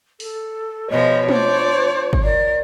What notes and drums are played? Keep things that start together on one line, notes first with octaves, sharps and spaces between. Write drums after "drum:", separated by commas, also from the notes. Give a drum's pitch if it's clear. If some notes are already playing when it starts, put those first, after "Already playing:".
A4, drum: open hi-hat
B2 F3 G#3 F4 C#5 D#5
D4 C5 D5, drum: tom
drum: kick G1
A#4 D5